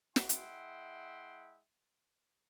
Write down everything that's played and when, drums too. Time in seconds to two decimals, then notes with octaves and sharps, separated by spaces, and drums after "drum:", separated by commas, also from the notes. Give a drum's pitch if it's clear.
0.16 G#3 E4 E5 F#5 G5 C6, drum: snare
0.29 drum: hi-hat